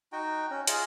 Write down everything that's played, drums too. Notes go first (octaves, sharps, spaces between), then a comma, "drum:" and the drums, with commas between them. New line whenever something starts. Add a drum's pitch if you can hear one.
D#4 F#4 G5
C#4
F4 G#4 D#5, drum: hi-hat